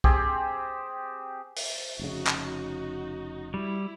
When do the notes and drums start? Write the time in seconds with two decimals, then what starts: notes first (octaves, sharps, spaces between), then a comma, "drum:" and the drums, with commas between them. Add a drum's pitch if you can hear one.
0.04 C4 G4 G#4, drum: kick
1.56 drum: open hi-hat
1.99 F1 C#3 D#4 F#4
2.27 drum: clap
3.54 G3 E4